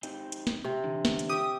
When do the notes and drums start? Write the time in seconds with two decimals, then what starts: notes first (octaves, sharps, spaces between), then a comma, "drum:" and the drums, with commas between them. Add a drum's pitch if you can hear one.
0.03 C4 D#4 G4, drum: hi-hat
0.32 drum: hi-hat
0.47 drum: snare
0.64 C3
0.84 D3 E3
1.05 drum: snare
1.19 drum: hi-hat
1.29 G4 E5 D#6